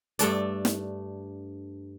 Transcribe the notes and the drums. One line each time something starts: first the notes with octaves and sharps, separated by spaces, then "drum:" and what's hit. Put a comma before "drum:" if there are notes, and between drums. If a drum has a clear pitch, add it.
G2 A3 D4 D5, drum: hi-hat
drum: snare